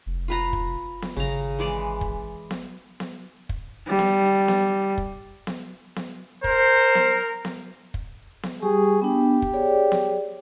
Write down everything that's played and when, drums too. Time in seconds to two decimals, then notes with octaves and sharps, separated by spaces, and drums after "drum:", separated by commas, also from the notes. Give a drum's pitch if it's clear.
0.06 F1
0.28 F4 B4 A#5
0.53 drum: kick
1.02 drum: snare B3
1.17 G#1 C#3 A#5
1.59 E3 G#3 D5
2.01 drum: kick
2.51 drum: snare B3
3.00 drum: snare B3
3.49 drum: kick
3.88 G3
3.99 drum: snare B3
4.48 drum: snare B3
4.98 drum: kick
5.47 drum: snare B3
5.96 drum: snare B3
6.44 A#4 C5, drum: kick
6.95 drum: snare B3
7.45 drum: snare B3
7.94 drum: kick
8.43 drum: snare B3
8.62 G3 G4 G#4 C#6
9.02 B3 D4 G4
9.42 drum: kick
9.53 G#4 C#5 D5
9.92 drum: snare B3